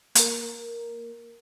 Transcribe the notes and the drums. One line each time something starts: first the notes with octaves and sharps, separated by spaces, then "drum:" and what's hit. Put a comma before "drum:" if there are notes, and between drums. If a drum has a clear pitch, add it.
A#3 A#4, drum: hi-hat